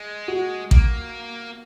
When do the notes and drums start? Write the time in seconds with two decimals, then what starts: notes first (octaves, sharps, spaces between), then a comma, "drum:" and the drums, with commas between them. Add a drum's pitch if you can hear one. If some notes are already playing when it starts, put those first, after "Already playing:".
Already playing: G#3
0.28 F#4
0.71 A#3, drum: kick A1